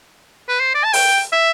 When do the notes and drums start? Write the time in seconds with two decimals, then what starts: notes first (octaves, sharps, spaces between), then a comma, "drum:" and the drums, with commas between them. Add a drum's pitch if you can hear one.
0.48 B4
0.60 C5
0.75 D5
0.84 A5
0.93 G5, drum: open hi-hat
1.33 E5